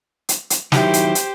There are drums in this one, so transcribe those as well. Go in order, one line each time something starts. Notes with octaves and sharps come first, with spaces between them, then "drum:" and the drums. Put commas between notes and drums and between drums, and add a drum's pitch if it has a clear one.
drum: hi-hat
drum: hi-hat
D#3 F#3 E4 G4 C5, drum: snare
drum: hi-hat
drum: hi-hat